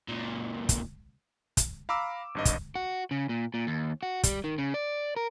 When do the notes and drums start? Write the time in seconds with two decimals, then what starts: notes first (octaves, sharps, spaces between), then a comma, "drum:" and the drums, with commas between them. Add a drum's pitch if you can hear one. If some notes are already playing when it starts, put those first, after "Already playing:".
0.09 C#2 A#2
0.69 drum: kick, hi-hat
1.57 drum: kick, hi-hat
1.89 F5 A#5 B5 D6 E6
2.35 G#1 G2 D#5
2.45 drum: kick, hi-hat
2.75 F#4
3.11 C#3
3.29 A#2
3.54 A#2
3.67 D#2
4.03 F#4
4.23 G3, drum: kick, hi-hat
4.44 D#3
4.58 C#3
4.74 D5
5.16 A#4